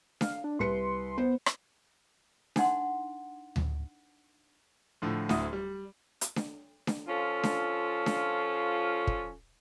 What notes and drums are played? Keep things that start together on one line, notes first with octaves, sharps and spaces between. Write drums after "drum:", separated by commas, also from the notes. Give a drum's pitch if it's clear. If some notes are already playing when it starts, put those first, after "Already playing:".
F5, drum: snare D4
D4
C2 B4 C6 C#7
B3 C5
drum: rim click
D4 D#4 F#5 C6, drum: snare D4
drum: tom D2
A2 D3 F3
D1 D2 E4 F#4 D#6, drum: snare D4
G3
drum: hi-hat
drum: snare D4
drum: snare D4
F3 C#4 F4 A4
drum: snare D4
drum: snare D4
drum: kick